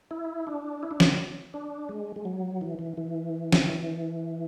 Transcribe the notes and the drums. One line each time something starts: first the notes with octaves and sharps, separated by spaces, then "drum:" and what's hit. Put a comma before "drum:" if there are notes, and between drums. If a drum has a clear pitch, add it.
E4
D4
E4
D4
C#4, drum: snare
D4
G#3
G#3
F#3
E3
E3
E3
drum: snare